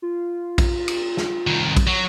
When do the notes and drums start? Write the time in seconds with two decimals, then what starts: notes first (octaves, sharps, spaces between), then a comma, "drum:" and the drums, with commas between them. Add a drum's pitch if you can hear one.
0.02 F4
0.58 drum: kick A#1, cymbal
0.88 drum: cymbal
1.17 drum: snare
1.47 C2 D#3
1.77 drum: kick A#1, cymbal
1.87 F#3